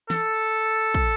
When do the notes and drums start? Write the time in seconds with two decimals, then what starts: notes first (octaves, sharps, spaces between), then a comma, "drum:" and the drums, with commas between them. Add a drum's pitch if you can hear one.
0.10 A4, drum: snare
0.94 drum: kick